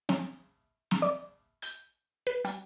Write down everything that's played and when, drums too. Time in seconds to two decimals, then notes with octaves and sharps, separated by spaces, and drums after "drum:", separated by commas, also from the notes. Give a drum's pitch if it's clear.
0.09 C#4, drum: snare
0.91 drum: snare
1.02 D5
1.62 G6, drum: hi-hat
2.27 B4
2.45 G3, drum: hi-hat